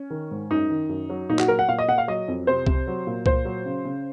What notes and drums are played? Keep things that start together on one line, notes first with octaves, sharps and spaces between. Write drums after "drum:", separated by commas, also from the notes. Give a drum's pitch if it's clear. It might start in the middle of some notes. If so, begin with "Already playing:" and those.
Already playing: C#4
D#3
G#2
F#2 D#4
D#3
F#2
F#3
A#2 D#4
F#4, drum: clap
F#3 A#4
F#5
A#2 F5
D#5
A#2 F#5
F5
F#3 D#5
F2
C3 C5
C3, drum: kick C2
F#3
A#2
A#2 C5, drum: kick C2
F#3
C#3
C#3